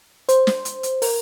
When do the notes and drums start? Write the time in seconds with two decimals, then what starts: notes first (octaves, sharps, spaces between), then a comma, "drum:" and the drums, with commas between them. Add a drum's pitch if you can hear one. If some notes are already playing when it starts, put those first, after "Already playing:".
0.29 C5, drum: hi-hat
0.47 drum: snare
0.65 drum: hi-hat
0.83 drum: hi-hat
1.02 A#4, drum: open hi-hat